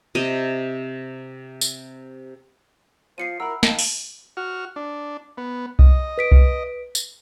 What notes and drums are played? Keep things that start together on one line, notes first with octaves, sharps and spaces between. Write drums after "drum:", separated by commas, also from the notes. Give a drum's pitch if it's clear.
C3 D#5
drum: tambourine
F3 C7 C#7 D#7
E4 F#4 A#4 B5 E6
D#3 F5 A5, drum: snare
drum: open hi-hat
F#4 F6
D4
B3
D#5, drum: kick C2
B4 B6 D7
drum: kick C2
drum: tambourine